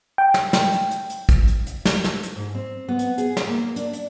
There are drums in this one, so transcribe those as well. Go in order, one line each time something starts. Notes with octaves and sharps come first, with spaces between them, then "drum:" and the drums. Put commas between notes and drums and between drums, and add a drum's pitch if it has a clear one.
G5
drum: snare
drum: snare
drum: hi-hat
drum: hi-hat
drum: hi-hat
drum: kick, hi-hat
drum: hi-hat
drum: hi-hat
drum: snare
drum: snare
drum: hi-hat
G#2
C4
B3
drum: hi-hat
G#4, drum: hi-hat
drum: snare
A#3
D4, drum: hi-hat
drum: hi-hat